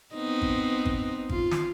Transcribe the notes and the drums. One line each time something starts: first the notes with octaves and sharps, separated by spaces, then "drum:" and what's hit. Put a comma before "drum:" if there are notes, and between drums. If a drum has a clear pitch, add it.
B3 C4 D#4
drum: kick G#1
drum: kick G#1
F4, drum: kick G#1
drum: snare